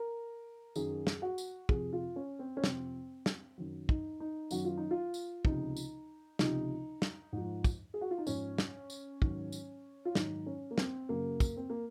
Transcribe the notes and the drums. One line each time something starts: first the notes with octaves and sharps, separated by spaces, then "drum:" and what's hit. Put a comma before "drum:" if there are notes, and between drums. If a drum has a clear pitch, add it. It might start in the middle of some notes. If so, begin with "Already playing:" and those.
Already playing: A#4
F#2 D#3 F#3 G#4, drum: tambourine
drum: snare
F#4
drum: tambourine
F2 C3 F3 G#4, drum: kick
F4
C#4
C4
C#4
F2 C3 F3 C4, drum: snare
drum: snare
F#2 D#3 F#3
D#4, drum: kick
D#4
F#2 D#3 F#3 F#4, drum: tambourine
F4
D#4
F4
drum: tambourine
C#2 C3 F3 D#4, drum: kick
drum: tambourine
C#2 C3 F3 D#4, drum: snare
drum: snare
G#2 F3
drum: kick, tambourine
G#4
F#4
F4
D#4
G#2 F3 C#4, drum: tambourine
drum: snare
drum: tambourine
G#2 D#3 F#3, drum: kick
drum: tambourine
F4
G#2 D#3 F#3 D#4, drum: snare
C#4
A#3
C4, drum: snare
F#2 C#3 F#3 A#3
drum: kick, tambourine
C4
A#3